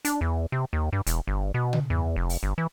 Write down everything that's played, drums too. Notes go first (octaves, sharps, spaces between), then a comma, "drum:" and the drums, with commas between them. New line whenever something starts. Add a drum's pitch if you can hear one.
D4, drum: hi-hat
E2
C3
D#2
G2
E1, drum: hi-hat
G1
B2
drum: tom
E2
F1
drum: open hi-hat
G1
E3